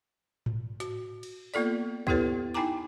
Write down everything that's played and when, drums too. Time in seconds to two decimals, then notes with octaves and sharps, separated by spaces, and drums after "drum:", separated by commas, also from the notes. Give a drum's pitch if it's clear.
0.46 drum: tom G#2
0.80 F#4, drum: hi-hat
1.23 drum: cymbal
1.54 A#3 B3 F4 A4 D5, drum: tambourine
2.07 B3 E4 G4 A4 B4 C#5, drum: kick C#2
2.54 D#4 E4 G5 G#5 A#5 D6